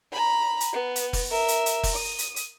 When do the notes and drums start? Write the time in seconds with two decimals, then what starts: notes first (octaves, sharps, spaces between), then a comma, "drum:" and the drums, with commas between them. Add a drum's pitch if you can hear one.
0.12 A#5 B5
0.60 drum: hi-hat
0.73 B3
0.96 drum: hi-hat
1.13 drum: kick F1, open hi-hat
1.31 A#4 E5
1.48 drum: hi-hat
1.66 drum: hi-hat
1.83 drum: kick F1, open hi-hat
1.96 D#6
2.19 drum: hi-hat
2.36 drum: hi-hat